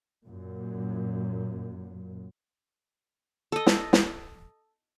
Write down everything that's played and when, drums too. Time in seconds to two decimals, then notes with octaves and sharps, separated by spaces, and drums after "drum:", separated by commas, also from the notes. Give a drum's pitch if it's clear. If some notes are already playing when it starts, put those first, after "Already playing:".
0.23 F#2 A#2
3.52 A4 D#5
3.66 drum: snare
3.93 drum: snare